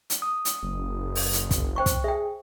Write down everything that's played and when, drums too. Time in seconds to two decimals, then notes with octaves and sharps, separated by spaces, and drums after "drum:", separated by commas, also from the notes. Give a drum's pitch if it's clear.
0.10 drum: hi-hat
0.22 D#6
0.45 drum: hi-hat
0.63 F#1
1.15 drum: open hi-hat
1.33 drum: hi-hat
1.51 drum: kick, hi-hat
1.76 C5 G5 C#6
1.86 drum: kick, hi-hat
2.04 G#4 E5 G5